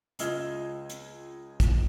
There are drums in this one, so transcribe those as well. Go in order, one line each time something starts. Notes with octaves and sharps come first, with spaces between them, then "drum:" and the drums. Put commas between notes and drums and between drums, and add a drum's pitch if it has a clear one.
C#2 F4 D#5 E6 G#6 G7, drum: hi-hat
drum: hi-hat
drum: kick, hi-hat